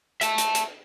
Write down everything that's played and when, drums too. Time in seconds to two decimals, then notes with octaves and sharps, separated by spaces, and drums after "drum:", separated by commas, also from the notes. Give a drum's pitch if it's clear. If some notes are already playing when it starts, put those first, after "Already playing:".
0.21 E5 A5, drum: hi-hat
0.38 drum: hi-hat
0.55 drum: hi-hat